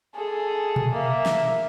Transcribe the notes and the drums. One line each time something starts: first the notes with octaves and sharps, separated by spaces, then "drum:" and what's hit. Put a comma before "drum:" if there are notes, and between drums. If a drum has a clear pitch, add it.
G#4 A4
drum: tom A#2
A#3 E5
drum: snare